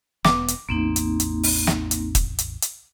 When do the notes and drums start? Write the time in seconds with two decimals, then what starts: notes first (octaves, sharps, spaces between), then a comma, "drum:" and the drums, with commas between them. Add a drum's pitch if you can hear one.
0.25 E1 B3 D6, drum: snare
0.48 drum: hi-hat
0.69 A1 E2 A#3 C4 D#4
0.96 drum: hi-hat
1.20 drum: hi-hat
1.43 drum: open hi-hat
1.67 drum: snare
1.91 drum: hi-hat
2.15 drum: kick, hi-hat
2.39 drum: hi-hat
2.62 drum: hi-hat